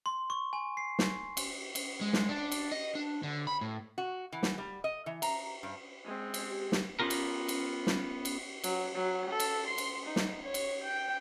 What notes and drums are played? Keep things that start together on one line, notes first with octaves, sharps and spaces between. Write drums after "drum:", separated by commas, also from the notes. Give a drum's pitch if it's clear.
C6
C#6
G#5
C7
drum: snare
drum: cymbal
drum: cymbal
G#3
drum: snare
D4
drum: cymbal
D#5
D4
D3
B5
A2
F#4
E3
drum: snare
G3
D#5
E3
A#5, drum: cymbal
G2
G#3 C4
drum: cymbal
G4
drum: snare
B3 C#4 F4 G4 A#4
drum: cymbal
drum: cymbal
drum: snare
drum: cymbal
F#3, drum: cymbal
F#3
A4
drum: cymbal
C6
drum: cymbal
D#4
drum: snare
C#5
drum: cymbal
G5